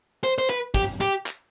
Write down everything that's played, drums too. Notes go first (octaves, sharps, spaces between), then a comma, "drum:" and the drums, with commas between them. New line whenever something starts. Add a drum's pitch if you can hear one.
C5, drum: hi-hat
C5
B4, drum: hi-hat
G4, drum: kick, hi-hat
G4
drum: clap